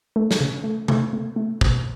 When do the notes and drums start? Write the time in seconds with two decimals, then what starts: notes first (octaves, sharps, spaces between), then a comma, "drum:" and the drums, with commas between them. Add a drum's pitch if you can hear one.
0.16 A3
0.31 drum: snare
0.41 C#3
0.64 A3
0.88 A3, drum: tom C3
1.13 A3
1.36 A3
1.61 B2, drum: kick